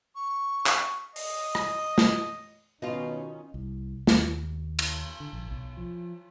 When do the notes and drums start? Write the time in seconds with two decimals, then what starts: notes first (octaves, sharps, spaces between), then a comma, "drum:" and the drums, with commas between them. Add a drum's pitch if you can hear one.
0.15 C#6
0.66 drum: clap
1.16 D#5, drum: open hi-hat
1.55 drum: rim click
1.98 drum: snare
2.82 B2 D#3 C#4 D#4 F4
3.54 C2
4.07 D#2, drum: snare
4.79 drum: cymbal
5.20 D3
5.33 A#1
5.51 B1
5.77 F3